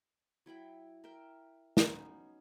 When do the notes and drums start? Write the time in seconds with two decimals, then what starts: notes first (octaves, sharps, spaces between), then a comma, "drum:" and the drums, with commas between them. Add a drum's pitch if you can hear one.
0.46 F#3 E4 G5 B5
1.04 A#4 E5 G5
1.77 F#3 B3 C#4 D#4, drum: snare